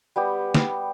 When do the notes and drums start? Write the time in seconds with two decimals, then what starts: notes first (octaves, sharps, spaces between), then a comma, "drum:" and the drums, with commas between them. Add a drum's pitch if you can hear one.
0.16 G3 B3 G4
0.55 drum: snare